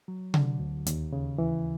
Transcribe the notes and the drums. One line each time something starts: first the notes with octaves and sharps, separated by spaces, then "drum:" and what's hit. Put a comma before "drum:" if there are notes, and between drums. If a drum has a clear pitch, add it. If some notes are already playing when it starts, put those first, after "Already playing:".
F#3
D3, drum: tom C3
D2
D#2, drum: hi-hat
C#3
E3